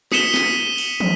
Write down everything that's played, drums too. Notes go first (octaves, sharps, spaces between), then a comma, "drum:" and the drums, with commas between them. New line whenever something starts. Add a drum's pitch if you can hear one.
D#6 B6 C#7 D#7 E7 G7, drum: snare
drum: snare
drum: open hi-hat
drum: tom